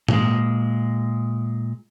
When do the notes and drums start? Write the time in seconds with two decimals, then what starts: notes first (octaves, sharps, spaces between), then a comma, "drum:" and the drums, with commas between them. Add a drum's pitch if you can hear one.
0.08 A#2 G#3, drum: tom G#2